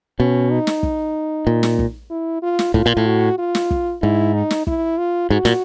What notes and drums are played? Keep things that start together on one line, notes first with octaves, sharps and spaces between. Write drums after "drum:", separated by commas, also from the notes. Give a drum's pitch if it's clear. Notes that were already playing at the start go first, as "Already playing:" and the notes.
B2 C#4
D#4
drum: snare
drum: kick
A#2
drum: snare
drum: kick
E4
F4
drum: snare
A2 F4, drum: kick
A#2
A2
F#4
F4
drum: snare
drum: kick
G#2 E4
D#4
drum: snare
E4, drum: kick
F4
G#2 F#4
A#2, drum: snare